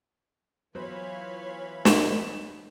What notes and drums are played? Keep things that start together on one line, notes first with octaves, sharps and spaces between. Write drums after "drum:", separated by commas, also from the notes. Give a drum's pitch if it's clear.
E3 F#3 B3 F4 C5 C#5 F5 B5
E7, drum: snare